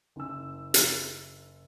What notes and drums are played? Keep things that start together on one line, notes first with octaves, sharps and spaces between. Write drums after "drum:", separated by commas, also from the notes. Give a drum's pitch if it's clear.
F#1 E6
drum: hi-hat